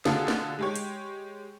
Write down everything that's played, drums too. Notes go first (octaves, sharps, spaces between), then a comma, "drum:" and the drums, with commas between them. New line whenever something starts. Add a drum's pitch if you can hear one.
B2 D3 F4 G#4 A4, drum: snare
drum: snare
G#3 G4 C#5
drum: hi-hat